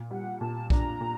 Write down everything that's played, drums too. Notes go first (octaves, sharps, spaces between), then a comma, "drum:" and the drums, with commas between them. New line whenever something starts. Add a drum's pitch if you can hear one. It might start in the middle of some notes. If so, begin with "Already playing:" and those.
Already playing: A#2
G3 F#5
A#2 A5
D4 A#5, drum: kick A#1
A#2